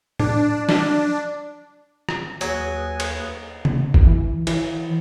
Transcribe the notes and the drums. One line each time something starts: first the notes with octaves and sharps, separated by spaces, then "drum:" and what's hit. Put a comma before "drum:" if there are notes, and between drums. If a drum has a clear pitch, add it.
D4, drum: tom A2
D4, drum: snare
drum: rim click
D#2 F#3 G#4 B4 G#5, drum: hi-hat
drum: cymbal
drum: tom C#3
drum: kick G1
E3
E3, drum: cymbal